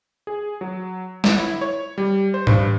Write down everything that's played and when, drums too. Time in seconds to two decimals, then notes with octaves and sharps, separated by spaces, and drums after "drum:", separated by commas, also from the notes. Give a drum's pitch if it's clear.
0.27 G#4
0.61 F#3
1.24 G1, drum: snare
1.38 E4
1.61 C#5
1.98 G3
2.34 C5
2.47 G2, drum: tom G#2